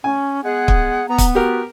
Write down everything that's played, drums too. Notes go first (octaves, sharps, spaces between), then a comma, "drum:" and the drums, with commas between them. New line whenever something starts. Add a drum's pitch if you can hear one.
C#4 G#5
G#3 B3 G#4 F#5
drum: kick
B3 A#5
drum: kick, hi-hat
F#4 G4 A#4